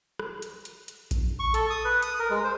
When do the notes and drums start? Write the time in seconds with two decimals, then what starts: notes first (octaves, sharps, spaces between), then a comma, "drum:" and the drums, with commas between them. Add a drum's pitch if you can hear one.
0.19 drum: rim click
0.42 drum: hi-hat
0.65 drum: hi-hat
0.88 drum: hi-hat
1.11 drum: kick A#1, hi-hat
1.40 C#6
1.54 A4, drum: hi-hat
1.70 D#6
1.85 B4
2.03 D#6, drum: hi-hat
2.19 A#4
2.31 G#3
2.44 C5